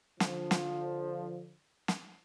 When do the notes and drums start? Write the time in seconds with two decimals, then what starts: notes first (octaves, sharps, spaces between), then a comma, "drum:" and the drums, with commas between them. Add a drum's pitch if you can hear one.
0.20 D3 F3, drum: snare
0.51 drum: snare
1.88 drum: snare